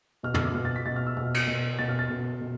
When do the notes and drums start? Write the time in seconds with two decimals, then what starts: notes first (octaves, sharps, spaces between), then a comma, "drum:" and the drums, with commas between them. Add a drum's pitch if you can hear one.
0.23 B2 F6
0.34 E6, drum: tom
0.45 D6
0.55 B2 F6
0.65 A6
0.76 B6
0.86 B2 A6
0.96 F6
1.07 E6
1.17 B2 F6
1.34 drum: cymbal
1.48 B2
1.79 B2 A6
1.89 F6
1.99 A6
2.10 B2
2.41 B2